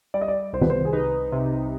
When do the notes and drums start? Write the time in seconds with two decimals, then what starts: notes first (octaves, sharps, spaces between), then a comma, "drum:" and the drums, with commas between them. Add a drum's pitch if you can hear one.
0.14 G3 D5
0.21 D#5
0.28 D5
0.53 C2 C5
0.62 B4, drum: tom
0.70 C5
0.85 G#4
0.93 D#4 B4
1.32 C3